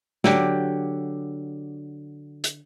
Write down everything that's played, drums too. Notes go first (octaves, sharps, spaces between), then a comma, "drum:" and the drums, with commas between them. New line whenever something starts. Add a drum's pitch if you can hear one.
D3 F#3 G4, drum: snare
drum: hi-hat